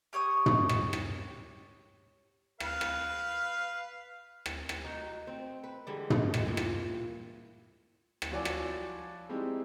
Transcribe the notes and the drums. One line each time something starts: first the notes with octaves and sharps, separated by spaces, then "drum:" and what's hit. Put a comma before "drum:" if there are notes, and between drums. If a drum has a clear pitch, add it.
G4 C#5 C#6 D#6
drum: tom
drum: rim click
drum: rim click
B4 F5, drum: rim click
drum: rim click
drum: rim click
drum: rim click
D#4 F#4
C4
B4
D3 E3 G3 G#3
drum: tom
drum: rim click
A#2 E3
drum: rim click
drum: rim click
F3 E4 F#4 C#5 D5 G#5
drum: rim click
G3 G#3 C4 D#4 E4 G4